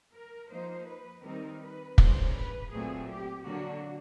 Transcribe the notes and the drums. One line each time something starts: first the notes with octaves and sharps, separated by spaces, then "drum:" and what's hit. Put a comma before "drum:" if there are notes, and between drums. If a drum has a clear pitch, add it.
A#4
F3 A#3 D#4 C5
B4
D#3 G3 C4 D#4 A#4
B4
C#3 E3 G3 A#3 C5, drum: kick
B4
A#2 F#3 A3 C4 G#4
G4
D3 F#3 A#3 D4 F#4